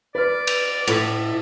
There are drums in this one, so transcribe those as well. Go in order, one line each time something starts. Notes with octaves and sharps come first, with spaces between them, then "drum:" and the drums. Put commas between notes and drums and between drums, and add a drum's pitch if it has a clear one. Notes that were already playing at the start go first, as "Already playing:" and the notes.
B4 D5 F6
drum: cymbal
A2 A3 D6 B6, drum: cymbal